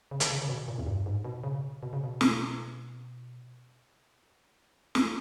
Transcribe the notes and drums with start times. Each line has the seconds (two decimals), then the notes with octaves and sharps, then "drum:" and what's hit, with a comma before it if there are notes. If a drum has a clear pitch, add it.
0.11 C#3
0.20 D#3, drum: hi-hat
0.30 C#3
0.42 C#3
0.49 B2
0.68 A#2
0.78 E2
0.86 G2
1.06 G#2
1.24 B2
1.44 C#3
1.83 B2
1.93 C#3
2.04 B2
2.21 drum: snare
4.95 drum: snare